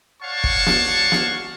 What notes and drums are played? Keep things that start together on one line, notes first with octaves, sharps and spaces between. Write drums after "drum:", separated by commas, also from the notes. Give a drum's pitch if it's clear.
C#5 D5 F5 F#5 A5 C#6
drum: kick
drum: snare
drum: snare